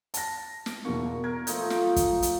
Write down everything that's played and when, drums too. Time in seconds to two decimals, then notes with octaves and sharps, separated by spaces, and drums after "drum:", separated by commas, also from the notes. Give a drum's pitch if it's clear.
0.14 A5 A#6, drum: hi-hat
0.66 drum: snare
0.85 E2 B2 A#3 C#6
1.24 A#4 G#6
1.47 F3 A3 D#4, drum: hi-hat
1.70 drum: snare
1.96 drum: kick, hi-hat
2.22 drum: hi-hat